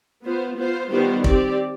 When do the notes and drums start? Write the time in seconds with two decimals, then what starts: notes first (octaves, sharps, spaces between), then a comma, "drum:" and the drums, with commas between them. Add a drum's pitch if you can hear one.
0.23 B3 F4 C5
0.56 B3 F4 C5
0.90 D#3 G3 B3 F4 C5
1.24 C4 G4 D5, drum: kick